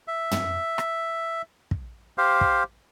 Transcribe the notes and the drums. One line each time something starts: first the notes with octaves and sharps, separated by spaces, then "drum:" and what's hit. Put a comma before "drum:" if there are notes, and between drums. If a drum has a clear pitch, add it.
E5
drum: tom
drum: rim click
drum: kick
G4 C5 F5
drum: kick